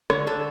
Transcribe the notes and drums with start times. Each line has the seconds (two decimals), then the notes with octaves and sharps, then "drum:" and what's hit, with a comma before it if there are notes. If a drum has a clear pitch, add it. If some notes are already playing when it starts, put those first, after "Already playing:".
0.10 D3 C#5, drum: rim click
0.27 D3 A4